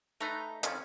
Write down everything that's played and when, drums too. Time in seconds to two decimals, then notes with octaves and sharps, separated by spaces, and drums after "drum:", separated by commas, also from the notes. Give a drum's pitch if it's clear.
0.21 A3 D#4 B4 A#5
0.63 F2 F3 C#4, drum: hi-hat